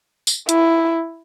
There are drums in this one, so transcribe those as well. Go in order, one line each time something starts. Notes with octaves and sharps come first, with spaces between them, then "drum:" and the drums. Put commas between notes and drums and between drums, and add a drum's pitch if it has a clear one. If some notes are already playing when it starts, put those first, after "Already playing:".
drum: tambourine
E4, drum: hi-hat